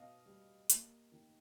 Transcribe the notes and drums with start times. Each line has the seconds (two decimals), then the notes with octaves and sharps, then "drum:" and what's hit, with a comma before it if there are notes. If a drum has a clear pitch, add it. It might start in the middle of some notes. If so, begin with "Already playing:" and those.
Already playing: B2 D#5 F5
0.26 G3
0.69 A#3, drum: hi-hat
1.12 D#3